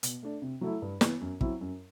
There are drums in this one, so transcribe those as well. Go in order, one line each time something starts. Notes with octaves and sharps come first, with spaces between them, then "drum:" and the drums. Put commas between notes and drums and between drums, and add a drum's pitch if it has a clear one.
B2, drum: hi-hat
A3 D4
C3
F#3 A3 E4
G2
E3 B3, drum: snare
F#2
F#3 C4 E4, drum: kick
F#2